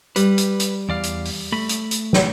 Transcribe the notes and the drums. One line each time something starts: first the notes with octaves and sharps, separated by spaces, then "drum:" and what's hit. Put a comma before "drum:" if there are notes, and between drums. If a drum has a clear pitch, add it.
G3 B4, drum: hi-hat
drum: hi-hat
drum: hi-hat
E2 D5 F5
drum: hi-hat
drum: open hi-hat
A3 B5
drum: hi-hat
drum: hi-hat
drum: snare